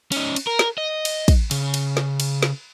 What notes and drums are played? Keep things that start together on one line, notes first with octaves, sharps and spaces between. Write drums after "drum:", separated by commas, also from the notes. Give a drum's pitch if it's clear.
C#4 D#4, drum: cymbal
drum: cymbal
A#4
drum: snare
D#5
drum: cymbal
drum: kick, cymbal
C#3, drum: cymbal
drum: cymbal
drum: snare
drum: cymbal
drum: snare